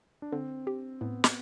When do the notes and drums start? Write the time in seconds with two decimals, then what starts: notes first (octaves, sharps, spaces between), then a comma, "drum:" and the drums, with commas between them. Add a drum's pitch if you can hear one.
0.22 D4
0.32 D3 C4
0.67 G4
1.01 A2 B3
1.24 drum: snare